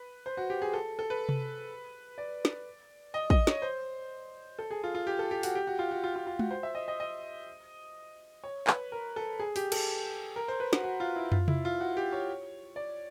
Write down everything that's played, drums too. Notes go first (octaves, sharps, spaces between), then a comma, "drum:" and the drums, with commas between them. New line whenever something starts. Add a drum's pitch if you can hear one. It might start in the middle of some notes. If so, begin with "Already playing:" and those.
Already playing: B4
C5
F#4
G4
G#4
A4
A4
B4
drum: tom C3
D5
drum: snare
D#5
D#5, drum: kick
C#5, drum: snare
C5
A4
G#4
F4
F4
G4
A4
G4
F#4, drum: open hi-hat
G4
F#4
F4
F#4
F4
F4
F4
F#4, drum: tom G#3
C5
E5
D#5
D#5
D#5
C#5
B4, drum: clap
A#4
A4
G#4
G4, drum: open hi-hat
A4, drum: cymbal
A#4
C5
B4
F#4, drum: snare
F#4
F4
E4
F4, drum: tom
E4, drum: tom C3
F4
F#4
G4
C#5
D5